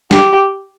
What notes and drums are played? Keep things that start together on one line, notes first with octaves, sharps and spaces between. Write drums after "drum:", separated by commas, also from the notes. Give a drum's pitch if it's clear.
G4, drum: snare